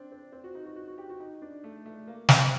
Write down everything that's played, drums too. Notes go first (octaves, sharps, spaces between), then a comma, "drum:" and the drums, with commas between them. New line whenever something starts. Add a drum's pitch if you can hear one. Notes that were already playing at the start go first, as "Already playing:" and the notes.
Already playing: C4 D4
C4
C4
F#4
D#4
F#4
F#4
F#4
G4
F#4
D#4
D4
A3
A3
A#3
C4, drum: snare